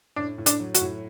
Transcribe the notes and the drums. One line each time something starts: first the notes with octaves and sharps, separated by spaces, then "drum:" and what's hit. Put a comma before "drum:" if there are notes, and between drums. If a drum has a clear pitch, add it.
A2 D4
A2
D4, drum: hi-hat
F#3
F#4, drum: hi-hat
A2